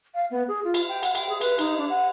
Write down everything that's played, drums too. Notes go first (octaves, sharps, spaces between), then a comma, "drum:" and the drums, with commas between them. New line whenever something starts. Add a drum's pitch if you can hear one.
F5
B3
G#4
F4
drum: cymbal
G5
F#5, drum: cymbal
G5, drum: cymbal
G#4
B4, drum: cymbal
D#4, drum: cymbal
D4
F#5